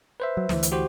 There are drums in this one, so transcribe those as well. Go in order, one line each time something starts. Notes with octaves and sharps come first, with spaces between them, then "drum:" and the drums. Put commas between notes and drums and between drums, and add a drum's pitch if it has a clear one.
B4 C5 E5
F#3
D2 E3, drum: snare
drum: hi-hat
F#4 G4 C5